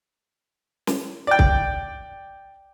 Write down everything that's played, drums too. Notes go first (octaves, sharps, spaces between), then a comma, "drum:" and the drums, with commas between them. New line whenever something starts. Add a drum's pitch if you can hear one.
drum: snare
D5 G5
drum: kick C2